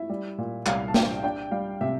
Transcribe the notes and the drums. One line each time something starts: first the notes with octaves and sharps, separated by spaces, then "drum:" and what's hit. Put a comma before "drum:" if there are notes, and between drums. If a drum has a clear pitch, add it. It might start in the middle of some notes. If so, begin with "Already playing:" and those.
Already playing: E4 E5
G3
A#2
C2 F5, drum: clap
A5
D4 G5, drum: snare
D4 G5
G3 F5
C3 E5